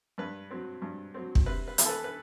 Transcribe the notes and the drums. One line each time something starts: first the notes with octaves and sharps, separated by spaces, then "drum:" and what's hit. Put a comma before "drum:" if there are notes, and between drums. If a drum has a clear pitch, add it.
G2 B4
F#3 C4
G2
F#3 C4
drum: kick
C3 B4
B4
E3 B3, drum: hi-hat
A4
B4
B4